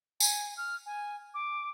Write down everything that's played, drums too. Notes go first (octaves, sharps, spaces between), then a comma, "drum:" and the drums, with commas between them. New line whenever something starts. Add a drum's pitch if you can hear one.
G#5, drum: tambourine
F6
G#5
D6